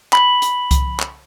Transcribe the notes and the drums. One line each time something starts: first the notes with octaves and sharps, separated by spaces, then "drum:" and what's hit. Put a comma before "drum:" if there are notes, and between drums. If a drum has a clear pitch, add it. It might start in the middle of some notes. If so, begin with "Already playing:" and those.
B5, drum: clap
drum: hi-hat
drum: kick C2, hi-hat
drum: clap